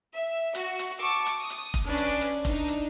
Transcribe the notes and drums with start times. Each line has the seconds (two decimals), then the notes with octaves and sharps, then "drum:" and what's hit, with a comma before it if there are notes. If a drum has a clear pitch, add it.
0.14 E5
0.55 F#4, drum: hi-hat
0.79 drum: hi-hat
0.99 A5 C#6 D6 E6
1.27 drum: hi-hat
1.40 D#6
1.50 drum: hi-hat
1.74 drum: kick F1, hi-hat
1.86 C#4 D4 B4 D5
1.97 drum: hi-hat
2.21 drum: hi-hat
2.45 D4 D#4, drum: kick F1, hi-hat
2.68 drum: hi-hat